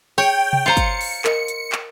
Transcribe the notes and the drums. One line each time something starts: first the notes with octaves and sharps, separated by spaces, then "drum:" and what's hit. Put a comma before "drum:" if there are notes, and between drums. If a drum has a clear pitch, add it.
G#4 C#5 G5
drum: tom C3
F4 C5 F5 A#5 C#7
drum: kick, hi-hat
drum: open hi-hat
A#4 D#5, drum: clap
drum: hi-hat
drum: clap